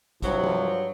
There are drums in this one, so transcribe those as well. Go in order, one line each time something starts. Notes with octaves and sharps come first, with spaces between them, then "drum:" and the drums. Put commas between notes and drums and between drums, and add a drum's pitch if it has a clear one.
C2 G2 F3 F#3, drum: kick, hi-hat
drum: tom F3